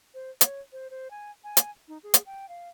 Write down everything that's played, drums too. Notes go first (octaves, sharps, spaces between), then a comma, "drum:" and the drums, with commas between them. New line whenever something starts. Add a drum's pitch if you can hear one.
C5
C#5, drum: hi-hat
C5
C5
G#5
G#5
drum: hi-hat
D#4
G#4
drum: hi-hat
G5
F5